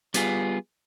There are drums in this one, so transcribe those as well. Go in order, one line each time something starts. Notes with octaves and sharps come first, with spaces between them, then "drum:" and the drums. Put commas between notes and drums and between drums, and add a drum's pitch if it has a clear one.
G3 B3 F4 G#4, drum: hi-hat